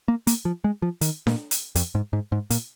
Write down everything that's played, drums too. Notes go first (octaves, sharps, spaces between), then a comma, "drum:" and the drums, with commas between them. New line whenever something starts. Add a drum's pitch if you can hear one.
A#3
A#3, drum: hi-hat
F3
G#3
F3
D#3, drum: hi-hat
A#2, drum: snare D4
drum: hi-hat
F2, drum: hi-hat
G#2
G#2
G#2
A#2, drum: hi-hat